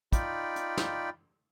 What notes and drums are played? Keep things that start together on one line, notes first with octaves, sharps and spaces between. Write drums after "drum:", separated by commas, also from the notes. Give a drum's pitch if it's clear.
D#4 F4 D5 G5 B5, drum: kick, hi-hat
drum: hi-hat
drum: snare